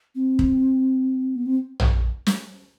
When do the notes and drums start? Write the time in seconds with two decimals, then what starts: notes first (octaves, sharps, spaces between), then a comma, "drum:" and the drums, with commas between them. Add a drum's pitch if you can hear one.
0.15 C4
0.39 drum: kick
1.36 B3
1.46 C4
1.80 drum: tom A#1
2.26 drum: snare